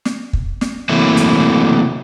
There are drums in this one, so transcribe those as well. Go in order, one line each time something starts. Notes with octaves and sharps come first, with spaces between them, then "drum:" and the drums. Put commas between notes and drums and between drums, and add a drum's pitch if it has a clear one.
drum: snare
drum: kick
drum: snare
C3 E3 F#3 A3 A#3
drum: hi-hat